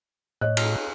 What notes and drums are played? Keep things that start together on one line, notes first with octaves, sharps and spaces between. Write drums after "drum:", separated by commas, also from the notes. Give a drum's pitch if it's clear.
A2 C#5 D#5 F#6
drum: cymbal